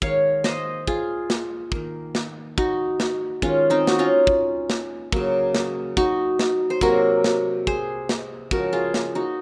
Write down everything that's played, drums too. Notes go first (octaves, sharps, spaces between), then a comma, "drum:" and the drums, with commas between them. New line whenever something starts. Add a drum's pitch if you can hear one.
D#3 G#3 C#5 F5, drum: kick
C5 D#5, drum: snare
F4 G#4, drum: kick
drum: snare
D#3 A#3, drum: kick
drum: snare
D#4 F#4, drum: kick
drum: snare
D#3 G#3 C#4 F4, drum: kick
C4 D#4
F#4, drum: snare
C#4 F4
drum: kick
drum: snare
C#3 F#3 A#3, drum: kick
drum: snare
D#4 F#4, drum: kick
drum: snare
C5
C3 F#3 A#3 F#4 A#4, drum: kick
drum: snare
G#4 C5, drum: kick
drum: snare
C#3 F3 G#3 F#4 A#4, drum: kick
F4 G#4
drum: snare
D#4 F#4